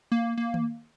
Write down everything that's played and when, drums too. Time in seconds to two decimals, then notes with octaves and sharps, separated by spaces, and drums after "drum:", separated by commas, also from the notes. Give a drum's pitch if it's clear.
0.12 A#3
0.37 A#3
0.54 drum: tom D#3